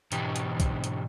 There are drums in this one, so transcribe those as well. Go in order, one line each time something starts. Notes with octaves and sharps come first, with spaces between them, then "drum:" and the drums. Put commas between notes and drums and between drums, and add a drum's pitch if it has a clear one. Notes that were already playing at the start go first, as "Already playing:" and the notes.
G#2 B2 E3 D4 D#4 G4, drum: hi-hat
drum: hi-hat
drum: kick, hi-hat
drum: hi-hat